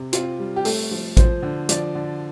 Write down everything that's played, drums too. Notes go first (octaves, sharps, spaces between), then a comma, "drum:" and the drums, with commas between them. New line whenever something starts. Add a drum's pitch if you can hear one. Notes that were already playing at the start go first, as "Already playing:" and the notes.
Already playing: C3
C4 F4, drum: hi-hat
G3
G4
A3 A4, drum: open hi-hat
F3
F3 C5, drum: kick A1, hi-hat
D3
F3 D5, drum: hi-hat
D3